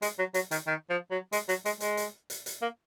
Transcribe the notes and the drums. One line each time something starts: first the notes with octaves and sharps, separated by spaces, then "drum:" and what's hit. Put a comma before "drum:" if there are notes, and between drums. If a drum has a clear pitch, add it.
G#3, drum: hi-hat
F#3
F#3, drum: hi-hat
D#3, drum: hi-hat
D#3
F3
F#3
G#3, drum: hi-hat
F#3, drum: hi-hat
G#3, drum: hi-hat
G#3, drum: hi-hat
drum: hi-hat
drum: hi-hat
drum: hi-hat
A#3